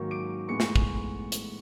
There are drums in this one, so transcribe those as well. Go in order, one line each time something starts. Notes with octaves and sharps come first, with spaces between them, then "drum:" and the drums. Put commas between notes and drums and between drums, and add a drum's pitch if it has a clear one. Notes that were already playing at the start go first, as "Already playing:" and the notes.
Already playing: G#2 D#3 F#3 A#3 C#6
D6 D7
A2 E3 G#3 B3 C#6 C#7
drum: snare
drum: kick
drum: hi-hat